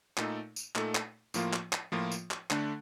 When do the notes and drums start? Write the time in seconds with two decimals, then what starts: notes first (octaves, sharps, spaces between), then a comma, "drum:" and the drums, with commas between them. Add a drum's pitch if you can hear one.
0.18 A#2 A3 D#4 A4, drum: clap
0.56 drum: tambourine
0.76 A#2 A3 D#4 A4, drum: clap
0.95 drum: clap
1.34 A2 F3 A#3 F4, drum: tambourine
1.53 drum: clap
1.73 drum: clap
1.92 A2 F3 A#3 F4
2.12 drum: tambourine
2.31 drum: clap
2.51 D3 A3 D4, drum: clap